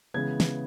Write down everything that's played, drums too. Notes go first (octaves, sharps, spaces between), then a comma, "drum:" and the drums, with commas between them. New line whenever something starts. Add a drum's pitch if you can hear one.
C#3 E3 G#3 B3 G#6
drum: snare